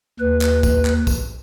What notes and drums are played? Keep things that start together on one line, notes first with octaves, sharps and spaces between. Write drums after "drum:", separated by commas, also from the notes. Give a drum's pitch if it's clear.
D#2 B4
drum: clap
drum: kick, tambourine
drum: clap
drum: kick, tambourine